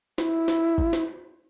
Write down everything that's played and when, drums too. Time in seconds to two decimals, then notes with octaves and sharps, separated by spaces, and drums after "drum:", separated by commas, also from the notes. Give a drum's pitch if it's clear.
0.18 F4, drum: snare
0.22 E4
0.48 drum: snare
0.78 drum: kick G#1
0.93 drum: snare